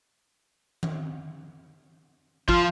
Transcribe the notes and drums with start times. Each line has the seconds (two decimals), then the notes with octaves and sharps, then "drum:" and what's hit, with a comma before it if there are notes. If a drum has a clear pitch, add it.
0.83 drum: tom D#3
2.49 F3 F4, drum: kick